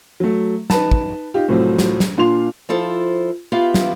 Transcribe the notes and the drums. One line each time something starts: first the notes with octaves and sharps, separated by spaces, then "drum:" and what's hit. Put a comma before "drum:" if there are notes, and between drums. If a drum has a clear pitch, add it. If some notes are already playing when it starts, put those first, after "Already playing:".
F#3 A3
D#4 B4 A5, drum: snare
drum: kick
D#4 F4 G4
C2 A2 C3 F3 F#3 C4
drum: snare
drum: snare
A#2 D4 F4 F5 C6 F7
F3 E4 F4 A4 C5
B3 E4 F4 G4 F5
drum: snare